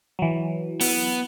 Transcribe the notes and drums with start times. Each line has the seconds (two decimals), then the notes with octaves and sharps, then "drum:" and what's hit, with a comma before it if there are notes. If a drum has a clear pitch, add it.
0.19 E3 F#3
0.81 B3, drum: open hi-hat